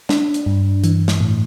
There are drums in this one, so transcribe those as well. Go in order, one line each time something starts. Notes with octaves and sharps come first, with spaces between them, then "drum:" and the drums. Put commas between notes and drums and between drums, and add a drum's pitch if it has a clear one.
D4, drum: snare
drum: hi-hat
G2
E3, drum: hi-hat
drum: snare
A2